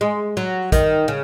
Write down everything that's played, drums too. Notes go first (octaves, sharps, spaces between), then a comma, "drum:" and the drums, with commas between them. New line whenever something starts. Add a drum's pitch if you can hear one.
G#3
F#3
D#3, drum: kick A1, hi-hat
C#3